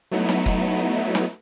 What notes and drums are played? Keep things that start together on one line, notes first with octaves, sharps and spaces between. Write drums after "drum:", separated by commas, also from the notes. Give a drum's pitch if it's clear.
F#3 A3 B3 D#4 E4
drum: snare
drum: kick
drum: snare